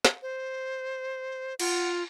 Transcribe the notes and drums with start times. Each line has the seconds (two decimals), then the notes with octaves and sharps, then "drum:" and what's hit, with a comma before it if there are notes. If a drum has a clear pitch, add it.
0.05 drum: snare
0.22 C5
1.60 F4 F#5, drum: cymbal